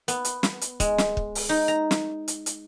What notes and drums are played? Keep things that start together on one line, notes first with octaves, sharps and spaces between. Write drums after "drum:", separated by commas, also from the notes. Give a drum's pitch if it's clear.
B3, drum: hi-hat
drum: hi-hat
drum: snare
drum: hi-hat
G#3, drum: kick, hi-hat
drum: snare
drum: kick
drum: open hi-hat
D#4
A#5
drum: snare
drum: hi-hat
drum: hi-hat